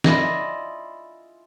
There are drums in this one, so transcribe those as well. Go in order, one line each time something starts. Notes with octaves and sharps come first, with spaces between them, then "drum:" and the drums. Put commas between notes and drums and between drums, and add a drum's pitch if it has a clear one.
E4 F4 G#4 D5 D#5, drum: snare